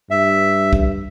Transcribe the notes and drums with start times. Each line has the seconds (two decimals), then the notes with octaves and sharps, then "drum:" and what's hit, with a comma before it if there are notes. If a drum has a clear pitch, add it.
0.11 G2 E5
0.73 drum: kick C2